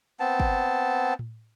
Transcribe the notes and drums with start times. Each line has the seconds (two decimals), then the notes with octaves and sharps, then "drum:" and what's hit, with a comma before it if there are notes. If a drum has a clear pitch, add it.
0.20 B3 C4 A5
0.40 drum: kick
1.19 drum: tom A2